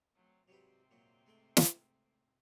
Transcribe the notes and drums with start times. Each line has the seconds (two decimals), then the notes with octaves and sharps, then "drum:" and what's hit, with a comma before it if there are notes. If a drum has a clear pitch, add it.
0.15 F#3 A3 C4
0.48 G#2 C3 F#3 G3 C4 B4
0.91 A#2 F#3
1.26 G#3 A3 G5
1.57 drum: snare